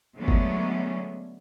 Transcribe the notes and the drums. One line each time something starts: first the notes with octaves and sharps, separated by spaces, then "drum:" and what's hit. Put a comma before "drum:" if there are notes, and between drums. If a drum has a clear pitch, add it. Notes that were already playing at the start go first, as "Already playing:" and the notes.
D3 F#3 G#3 A3 B3 C#4
drum: kick